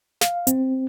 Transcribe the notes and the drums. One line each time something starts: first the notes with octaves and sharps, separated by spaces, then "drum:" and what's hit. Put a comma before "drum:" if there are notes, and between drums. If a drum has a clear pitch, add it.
F5, drum: snare
C4, drum: hi-hat